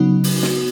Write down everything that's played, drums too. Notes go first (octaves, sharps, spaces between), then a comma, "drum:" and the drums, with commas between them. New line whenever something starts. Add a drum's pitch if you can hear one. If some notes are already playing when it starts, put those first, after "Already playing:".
Already playing: C#3 F#3 B3 D#4 F#4
drum: open hi-hat
drum: snare